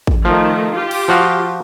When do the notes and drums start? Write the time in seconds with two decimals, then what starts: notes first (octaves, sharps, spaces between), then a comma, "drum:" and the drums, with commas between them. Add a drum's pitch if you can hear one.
0.07 drum: kick A1
0.25 D#3 F3 A3
0.75 F4 G4
0.91 drum: cymbal
1.08 F3 F#4 F5